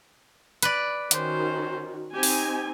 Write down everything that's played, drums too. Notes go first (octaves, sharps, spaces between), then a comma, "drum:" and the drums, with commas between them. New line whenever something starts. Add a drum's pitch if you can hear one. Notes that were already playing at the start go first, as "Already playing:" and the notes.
B4 D5, drum: hi-hat
D#3 C#4 F#4 C5, drum: hi-hat
C4 D#4 G4 G#5
drum: open hi-hat